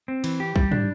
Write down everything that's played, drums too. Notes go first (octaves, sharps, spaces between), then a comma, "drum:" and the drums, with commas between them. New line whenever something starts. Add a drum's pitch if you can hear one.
C4
E3, drum: cymbal
G4
G3, drum: kick A#1
D4, drum: tom